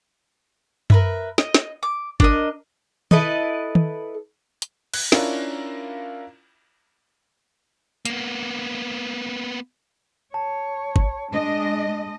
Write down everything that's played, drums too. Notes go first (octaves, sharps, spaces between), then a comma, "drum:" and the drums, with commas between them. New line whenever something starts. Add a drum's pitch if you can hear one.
A#4 B4 E5, drum: tom F#2
D#5, drum: snare
drum: snare
D6
D4 A#4 D#5, drum: kick
E4 A4 B4 D#5, drum: tom D#3
drum: tom D#3
drum: hi-hat
F#6, drum: cymbal
C#4 D4 E4 F4 A#4, drum: snare
A#3 B3, drum: hi-hat
C#5 A5
drum: kick
G#3 D4 D#5